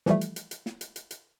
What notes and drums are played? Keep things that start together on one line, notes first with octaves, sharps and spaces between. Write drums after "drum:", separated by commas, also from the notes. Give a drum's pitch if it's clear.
E3 F3 G3 A3, drum: snare
drum: hi-hat
drum: hi-hat
drum: hi-hat
drum: snare
drum: hi-hat
drum: hi-hat
drum: hi-hat